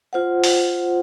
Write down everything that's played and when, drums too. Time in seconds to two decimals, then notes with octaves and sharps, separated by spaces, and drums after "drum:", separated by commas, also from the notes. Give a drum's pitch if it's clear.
0.13 F4 C5 F#5
0.44 drum: open hi-hat